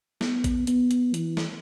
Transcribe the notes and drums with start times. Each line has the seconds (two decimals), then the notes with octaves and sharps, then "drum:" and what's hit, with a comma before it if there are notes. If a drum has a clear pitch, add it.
0.21 B3, drum: snare
0.44 drum: kick A1, hi-hat
0.67 B3, drum: hi-hat
0.91 drum: hi-hat
1.14 E3, drum: hi-hat
1.37 drum: snare